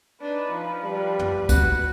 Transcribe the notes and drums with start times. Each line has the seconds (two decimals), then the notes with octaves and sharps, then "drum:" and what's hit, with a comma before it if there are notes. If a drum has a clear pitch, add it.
0.21 D4 D#4 B4
0.51 F3
0.83 G3 B4
1.19 drum: tom
1.49 F#4 F#6, drum: kick, tambourine